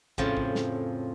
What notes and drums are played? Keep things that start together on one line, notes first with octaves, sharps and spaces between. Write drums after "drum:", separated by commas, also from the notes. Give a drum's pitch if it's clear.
F2 A2 C#3 F3, drum: kick
drum: kick
drum: snare